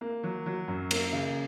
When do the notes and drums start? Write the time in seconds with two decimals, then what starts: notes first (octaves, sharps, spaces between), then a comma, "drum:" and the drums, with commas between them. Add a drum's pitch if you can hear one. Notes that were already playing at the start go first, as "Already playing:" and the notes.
0.01 A#3
0.23 F#3
0.46 F#3
0.68 F#2
0.91 A#3, drum: cymbal
1.13 C#3